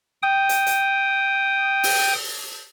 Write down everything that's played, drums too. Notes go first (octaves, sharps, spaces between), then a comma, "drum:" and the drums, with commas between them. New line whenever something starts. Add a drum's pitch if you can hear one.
G5 D#6
drum: hi-hat
drum: hi-hat
drum: open hi-hat